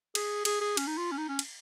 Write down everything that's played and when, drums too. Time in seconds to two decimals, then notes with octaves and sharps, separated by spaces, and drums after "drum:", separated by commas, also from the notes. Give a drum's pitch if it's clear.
0.15 G#4, drum: cymbal
0.45 G#4, drum: cymbal
0.61 G#4
0.77 C#4, drum: cymbal
0.87 D#4
0.98 F4
1.12 C#4
1.18 D#4
1.29 C#4
1.39 drum: cymbal